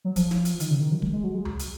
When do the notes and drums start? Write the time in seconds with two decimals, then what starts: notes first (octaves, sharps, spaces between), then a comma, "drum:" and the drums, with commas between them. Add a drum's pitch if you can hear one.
0.04 F#3
0.16 F3, drum: kick, hi-hat
0.31 drum: snare
0.45 drum: hi-hat
0.60 D#3, drum: hi-hat
0.70 C#3
0.80 D#3
0.91 F#3
1.02 G#3, drum: kick
1.12 G#3
1.24 F#3
1.35 G#3
1.45 drum: tom C#2
1.60 drum: hi-hat